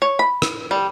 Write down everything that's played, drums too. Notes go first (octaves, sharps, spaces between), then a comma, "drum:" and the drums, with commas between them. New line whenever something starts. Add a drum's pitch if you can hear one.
C#5
B5
drum: rim click
G3